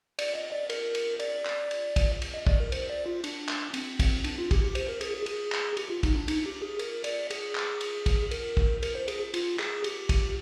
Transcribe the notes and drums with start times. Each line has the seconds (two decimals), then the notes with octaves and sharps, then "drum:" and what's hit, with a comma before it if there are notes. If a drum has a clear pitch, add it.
0.19 D5, drum: cymbal
0.35 D#5
0.52 D5
0.70 A#4, drum: cymbal
0.95 drum: cymbal
1.20 D5, drum: cymbal
1.45 drum: clap
1.71 drum: cymbal
1.96 drum: kick, cymbal
2.22 drum: cymbal
2.34 D#5
2.47 D5, drum: kick
2.60 A#4
2.72 C5, drum: cymbal
2.90 D5
3.06 F4
3.24 D4, drum: cymbal
3.49 drum: clap
3.74 C4, drum: cymbal
4.00 drum: kick, cymbal
4.24 D4, drum: cymbal
4.38 F4
4.51 G4, drum: kick, cymbal
4.64 G4
4.75 C5, drum: cymbal
4.88 A#4
5.01 G#4, drum: cymbal
5.14 G#4
5.26 G#4, drum: cymbal
5.52 drum: clap
5.77 G4, drum: cymbal
5.90 F4
6.03 D#4, drum: kick, cymbal
6.16 D4
6.28 D#4, drum: cymbal
6.46 G4
6.62 G#4
6.79 A#4, drum: cymbal
7.04 D5, drum: cymbal
7.30 G#4, drum: cymbal
7.55 drum: clap
7.81 drum: cymbal
8.06 drum: kick, cymbal
8.31 A#4, drum: cymbal
8.57 drum: kick
8.83 A#4, drum: cymbal
8.95 C5
9.08 G#4, drum: cymbal
9.34 F4, drum: cymbal
9.59 G#4, drum: clap
9.84 G4, drum: cymbal
10.09 drum: kick, cymbal